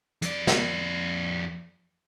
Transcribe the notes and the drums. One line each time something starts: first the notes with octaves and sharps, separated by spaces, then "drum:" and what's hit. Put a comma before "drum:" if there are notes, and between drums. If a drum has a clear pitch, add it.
F2 D5, drum: hi-hat
drum: snare